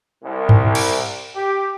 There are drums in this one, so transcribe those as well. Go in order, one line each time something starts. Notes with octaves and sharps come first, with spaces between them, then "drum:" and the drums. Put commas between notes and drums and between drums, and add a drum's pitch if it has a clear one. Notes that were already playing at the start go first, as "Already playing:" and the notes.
C2
drum: tom G2
drum: cymbal
G4